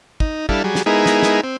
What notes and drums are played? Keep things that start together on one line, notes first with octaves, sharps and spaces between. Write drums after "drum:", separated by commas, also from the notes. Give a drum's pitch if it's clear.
D#4, drum: kick
G3 D4 E4 A4 F5, drum: kick
F#3 G3 G#4
drum: snare
G#3 B3 D#4 E4 G#4 A#4
drum: snare
drum: snare
C4